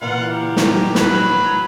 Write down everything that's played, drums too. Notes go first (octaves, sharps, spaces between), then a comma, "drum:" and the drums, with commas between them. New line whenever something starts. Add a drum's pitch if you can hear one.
A#2 C#3 E3 F4 F5 F#5
G4 A#4
drum: snare
F#3 B4 B5, drum: snare